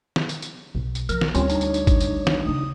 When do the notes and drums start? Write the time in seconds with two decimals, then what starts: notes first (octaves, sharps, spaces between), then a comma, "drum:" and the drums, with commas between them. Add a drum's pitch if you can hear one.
0.16 drum: snare
0.29 drum: tambourine
0.42 drum: tambourine
0.75 B1 B2
0.95 drum: tambourine
1.09 F3 A#4, drum: tambourine
1.21 drum: snare
1.35 D2 G3 C4 C#4 F4 C#5, drum: tambourine
1.50 D4 D#4, drum: tambourine
1.61 drum: tambourine
1.74 drum: tambourine
1.87 drum: kick, tambourine
2.00 drum: tambourine
2.27 drum: snare
2.45 D2 C#3 D#6